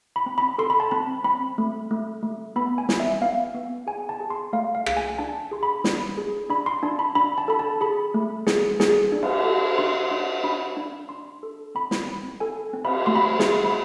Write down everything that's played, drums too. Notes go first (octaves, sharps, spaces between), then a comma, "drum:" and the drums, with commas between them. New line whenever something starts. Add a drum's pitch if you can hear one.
B5
C4
B5
A4 C6
B5
A5
C4 B5
C4 B5
A3
A3
A3
B3 B5
G#5
B3, drum: snare
E5
B3 F5
B3
G#4 G#5
A5
G#4
C6
A3 F5
F5
G#4, drum: rim click
G#5
D4 A5
G#4 C6
B5
D4, drum: snare
G#4
D4 B5
C6
D4 A5
B5
D4 B5
A5
A4 B5
A5
G#4 B5
A3
G#4, drum: snare
G#4, drum: snare
D4
drum: cymbal
A4
D4 C6
D4
D4 B5
D4
D4 C6
A4
C4 B5
drum: snare
C4
A4 G#5
C4
B5, drum: cymbal
A3 C6
B5
C6
G#4, drum: snare
B5